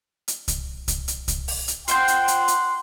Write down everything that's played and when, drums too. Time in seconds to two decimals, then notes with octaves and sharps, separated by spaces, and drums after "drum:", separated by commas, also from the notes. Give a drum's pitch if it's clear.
0.28 drum: hi-hat
0.48 drum: kick C2, hi-hat
0.88 drum: kick C2, hi-hat
1.08 drum: hi-hat
1.28 drum: kick C2, hi-hat
1.48 drum: open hi-hat
1.68 drum: hi-hat
1.88 F4 C5 F#5 G5 C6 G6, drum: hi-hat
2.08 drum: hi-hat
2.28 drum: hi-hat
2.48 drum: hi-hat